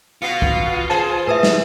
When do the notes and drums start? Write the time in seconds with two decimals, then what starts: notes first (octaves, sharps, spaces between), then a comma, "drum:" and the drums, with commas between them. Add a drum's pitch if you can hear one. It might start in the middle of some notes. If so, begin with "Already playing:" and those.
0.22 B2 B3 F4 F#4 C7 C#7
0.42 drum: kick
0.90 G#4 C5 A5
1.27 A2 B4 E5 D#6
1.43 drum: snare